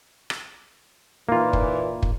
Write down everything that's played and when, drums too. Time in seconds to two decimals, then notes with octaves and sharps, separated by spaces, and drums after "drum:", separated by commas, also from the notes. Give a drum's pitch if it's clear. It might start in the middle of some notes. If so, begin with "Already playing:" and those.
0.30 drum: rim click
1.29 A#2 E3 A#3 D#4 F4
1.53 drum: kick
2.02 drum: kick